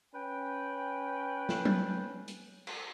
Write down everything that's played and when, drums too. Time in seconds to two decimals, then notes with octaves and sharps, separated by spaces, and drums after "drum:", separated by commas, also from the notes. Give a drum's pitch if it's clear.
0.14 C#4 B4 G5
1.49 drum: snare
1.65 drum: tom F#3
2.28 drum: hi-hat
2.67 drum: cymbal